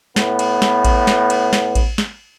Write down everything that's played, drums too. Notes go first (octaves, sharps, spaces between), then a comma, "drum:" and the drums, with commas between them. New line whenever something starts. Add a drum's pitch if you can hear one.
A2 B3, drum: snare
drum: cymbal
drum: snare
drum: kick A1, cymbal
drum: snare
drum: cymbal
drum: snare
drum: kick A1, cymbal
drum: snare